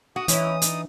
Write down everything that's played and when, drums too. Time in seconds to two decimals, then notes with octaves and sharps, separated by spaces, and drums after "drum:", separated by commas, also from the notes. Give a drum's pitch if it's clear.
0.16 F#4 F#5 D#6
0.28 E3 C#4 D#4 E4, drum: hi-hat
0.62 D4 D#4, drum: hi-hat